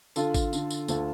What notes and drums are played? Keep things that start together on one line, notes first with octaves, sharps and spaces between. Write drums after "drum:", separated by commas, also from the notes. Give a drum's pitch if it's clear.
D3 F4 A4, drum: tambourine
drum: kick G#1, tambourine
D3, drum: tambourine
drum: tambourine
D2 F4 A4, drum: tambourine